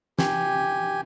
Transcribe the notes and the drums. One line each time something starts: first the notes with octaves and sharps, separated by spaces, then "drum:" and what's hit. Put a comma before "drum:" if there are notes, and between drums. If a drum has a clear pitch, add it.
G4 G#5, drum: snare